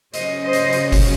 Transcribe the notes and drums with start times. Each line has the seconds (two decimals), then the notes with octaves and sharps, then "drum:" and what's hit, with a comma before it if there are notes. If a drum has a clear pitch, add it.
0.14 C#3 F#3 C#4 C5 D#5, drum: hi-hat
0.43 C5 D#5
0.53 drum: hi-hat
0.73 drum: hi-hat
0.92 drum: kick G1, open hi-hat